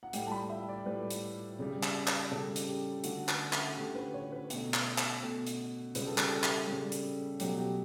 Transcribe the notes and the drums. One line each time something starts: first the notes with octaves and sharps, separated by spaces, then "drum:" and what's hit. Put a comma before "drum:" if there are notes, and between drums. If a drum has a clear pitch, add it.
F#5
A2 G3 G5, drum: hi-hat
A5
B5
E5
D5
A2 G3 B4
drum: hi-hat
C#3 G3
drum: clap
drum: clap
C#3 G3 A4
drum: hi-hat
G4
D3 A3 F#4, drum: hi-hat
drum: clap
drum: clap
D3 A3 G4
B4
C#5
B4
B2 A3, drum: hi-hat
drum: clap
drum: clap
B2 A3
drum: hi-hat
C#3 G3 B4, drum: hi-hat
A4
G4, drum: clap
A4
drum: clap
C#3 G3
drum: hi-hat
B2 F#3 A3 G4, drum: hi-hat
G4